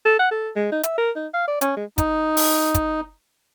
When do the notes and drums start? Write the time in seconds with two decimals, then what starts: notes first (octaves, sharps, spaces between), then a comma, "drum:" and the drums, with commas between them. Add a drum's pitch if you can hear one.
0.05 A4
0.19 F#5
0.31 A4
0.56 G#3
0.72 D#4
0.83 E5, drum: hi-hat
0.97 A#4
1.16 D#4
1.34 F5
1.48 D5
1.61 C#4, drum: hi-hat
1.77 G#3
1.98 D#4, drum: kick, hi-hat
2.37 drum: open hi-hat
2.74 drum: kick, hi-hat